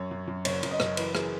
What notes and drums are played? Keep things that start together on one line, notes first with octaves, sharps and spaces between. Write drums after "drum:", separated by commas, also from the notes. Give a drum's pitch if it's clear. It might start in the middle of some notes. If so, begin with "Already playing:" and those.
Already playing: F#2 C#5
F#2
F#2
F#1 C#5, drum: cymbal
F#2, drum: cymbal
D#5
F#1, drum: rim click
E3 B4, drum: cymbal
G#4, drum: rim click